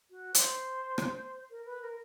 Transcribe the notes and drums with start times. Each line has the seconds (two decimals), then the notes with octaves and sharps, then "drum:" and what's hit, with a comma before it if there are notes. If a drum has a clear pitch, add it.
0.10 F#4
0.35 C5, drum: hi-hat
0.98 drum: rim click
1.51 A#4
1.65 B4
1.82 A#4